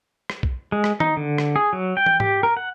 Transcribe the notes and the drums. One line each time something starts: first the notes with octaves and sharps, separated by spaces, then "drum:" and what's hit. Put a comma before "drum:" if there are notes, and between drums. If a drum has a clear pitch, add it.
drum: rim click
drum: kick B1
G#3
drum: rim click
D#4, drum: tom D#3
D3
drum: rim click
G#4
F#3
G5
drum: tom
G4, drum: tom G#2
A#4
F#5